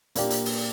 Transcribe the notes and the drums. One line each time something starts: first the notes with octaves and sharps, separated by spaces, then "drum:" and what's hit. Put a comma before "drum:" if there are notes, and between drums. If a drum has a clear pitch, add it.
A#2 A#3 D4 G4, drum: hi-hat
drum: hi-hat
drum: open hi-hat